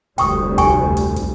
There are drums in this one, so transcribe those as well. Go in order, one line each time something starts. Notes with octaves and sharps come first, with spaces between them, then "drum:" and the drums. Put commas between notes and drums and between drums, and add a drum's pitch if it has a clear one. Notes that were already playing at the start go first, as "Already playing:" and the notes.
F1 D2 G3 G5 C#6 D#6, drum: hi-hat
G5 G#5 C#6, drum: kick, hi-hat
drum: hi-hat
drum: kick, hi-hat